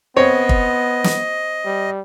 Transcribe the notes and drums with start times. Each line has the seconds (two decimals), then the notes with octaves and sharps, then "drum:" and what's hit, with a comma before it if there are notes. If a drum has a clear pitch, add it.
0.17 B3 C4 C#5 D#5
0.49 drum: kick
1.04 drum: snare
1.65 G3